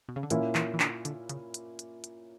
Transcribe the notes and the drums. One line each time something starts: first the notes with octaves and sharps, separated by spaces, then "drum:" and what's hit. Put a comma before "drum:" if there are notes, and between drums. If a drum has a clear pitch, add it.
B2
C#3
D3
A#2 E3 A#3 C#4 E4, drum: hi-hat
E3, drum: clap
E3
D3, drum: clap
D3, drum: hi-hat
C#3, drum: hi-hat
drum: hi-hat
drum: hi-hat
drum: hi-hat